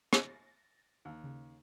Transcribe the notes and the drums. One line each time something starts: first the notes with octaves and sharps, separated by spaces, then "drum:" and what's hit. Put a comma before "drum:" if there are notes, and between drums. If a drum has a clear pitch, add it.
A6 A#6, drum: rim click
D#2
C#3